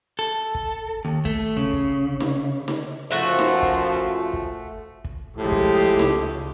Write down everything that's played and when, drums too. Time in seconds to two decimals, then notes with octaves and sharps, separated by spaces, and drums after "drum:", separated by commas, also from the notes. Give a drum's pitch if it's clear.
0.19 A4
0.55 drum: kick
1.05 D#2
1.25 A3, drum: kick
1.57 C#3
1.73 drum: kick
2.20 drum: snare D#4
2.68 drum: snare D#4
3.11 F#2 F3 A3 F#4 E5
3.39 drum: snare D#4
3.62 drum: kick
4.33 drum: kick
5.05 drum: kick
5.36 A2 F3 G#3 G4
5.52 drum: kick
5.99 C#2, drum: snare D#4